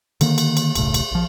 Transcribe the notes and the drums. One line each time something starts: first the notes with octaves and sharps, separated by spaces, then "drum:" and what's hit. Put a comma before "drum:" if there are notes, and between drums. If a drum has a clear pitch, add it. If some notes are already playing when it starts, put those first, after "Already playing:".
D3 D#3 A#3, drum: cymbal
drum: cymbal
drum: cymbal
D#1 B1 A2 C#3, drum: cymbal
drum: cymbal
A#1 F3